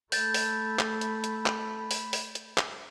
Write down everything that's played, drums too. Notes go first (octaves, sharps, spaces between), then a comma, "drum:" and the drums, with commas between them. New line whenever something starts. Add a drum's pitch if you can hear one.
A3 A4 B5 G6 A6, drum: open hi-hat
drum: open hi-hat
drum: clap
drum: hi-hat
drum: hi-hat
drum: clap
drum: open hi-hat
drum: open hi-hat
drum: hi-hat
drum: clap